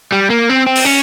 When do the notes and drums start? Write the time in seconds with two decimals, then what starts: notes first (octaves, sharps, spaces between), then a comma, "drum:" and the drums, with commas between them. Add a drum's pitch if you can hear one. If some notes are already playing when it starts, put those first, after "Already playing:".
0.12 G3
0.30 A#3
0.49 C4
0.67 C4
0.76 drum: open hi-hat
0.85 C#4